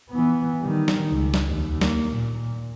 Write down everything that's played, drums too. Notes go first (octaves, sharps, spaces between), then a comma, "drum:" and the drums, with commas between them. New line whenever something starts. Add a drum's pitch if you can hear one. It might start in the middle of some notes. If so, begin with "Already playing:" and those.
E3 B3
D#3 G3
drum: snare
C#2
drum: snare
D#2
A#3, drum: snare
A#2